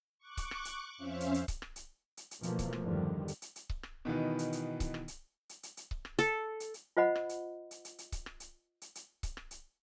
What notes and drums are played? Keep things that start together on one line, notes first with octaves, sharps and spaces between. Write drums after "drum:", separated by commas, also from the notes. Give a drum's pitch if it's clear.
C#6 D6 F#6
drum: kick C#1, hi-hat
drum: rim click
drum: hi-hat
F2 C#4 C5 E5 F5
drum: hi-hat
drum: hi-hat
drum: kick C#1, hi-hat
drum: rim click
drum: hi-hat
drum: hi-hat
drum: hi-hat
B2 E3 F3 A3 A#3, drum: hi-hat
drum: kick C#1, hi-hat
drum: rim click
E2 G2 D3 D#3 F3 G3
drum: hi-hat
drum: hi-hat
drum: hi-hat
drum: kick C#1
drum: rim click
B2 D#3 E3 B3
drum: hi-hat
drum: hi-hat
drum: kick C#1, hi-hat
drum: rim click
drum: hi-hat
drum: hi-hat
drum: hi-hat
drum: hi-hat
drum: kick C#1
drum: rim click
A4, drum: hi-hat
drum: hi-hat
drum: hi-hat
F4 C5 D#5 F#5 B5
drum: rim click
drum: hi-hat
drum: hi-hat
drum: hi-hat
drum: hi-hat
drum: kick C#1, hi-hat
drum: rim click
drum: hi-hat
drum: hi-hat
drum: hi-hat
drum: kick C#1, hi-hat
drum: rim click
drum: hi-hat